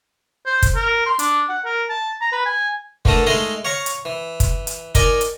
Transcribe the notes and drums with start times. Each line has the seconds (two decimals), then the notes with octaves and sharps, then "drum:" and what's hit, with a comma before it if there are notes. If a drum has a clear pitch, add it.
0.46 C5
0.62 drum: kick, hi-hat
0.75 A#4
1.06 C6
1.19 D4, drum: hi-hat
1.49 F#5
1.65 A#4
1.89 A5
2.21 A#5
2.32 B4
2.46 G#5
3.05 D3 E3 A3 A#4 A5 D#6, drum: kick
3.27 G#3 A3 D#4 G#4 D#5 F5
3.65 C#5 F5 A#5 C#6
3.86 drum: hi-hat
4.05 E3
4.40 drum: kick, hi-hat
4.67 drum: hi-hat
4.95 D#4 A#4 D5 G#5, drum: kick, hi-hat
5.21 drum: hi-hat